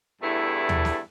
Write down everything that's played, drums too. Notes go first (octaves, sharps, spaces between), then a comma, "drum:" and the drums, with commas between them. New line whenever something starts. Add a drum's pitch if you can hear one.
E2 G2 A3 E4
drum: tom
drum: snare